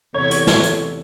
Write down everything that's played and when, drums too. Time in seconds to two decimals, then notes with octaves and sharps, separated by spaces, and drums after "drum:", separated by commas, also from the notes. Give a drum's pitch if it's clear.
0.14 E2 C3 E4 A4 C#5 G#6
0.31 drum: hi-hat
0.47 drum: snare
0.63 drum: hi-hat